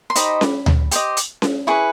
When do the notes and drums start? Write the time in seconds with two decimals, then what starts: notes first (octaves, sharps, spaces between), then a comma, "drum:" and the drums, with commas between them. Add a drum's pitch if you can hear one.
0.10 C6
0.15 D#4 G4 C5 D#5 B5, drum: hi-hat
0.41 drum: snare C#4
0.66 drum: tom D2
0.91 G4 C5 D#5, drum: hi-hat
1.17 drum: hi-hat
1.42 drum: snare C#4
1.67 E4 G#4 B4 C#6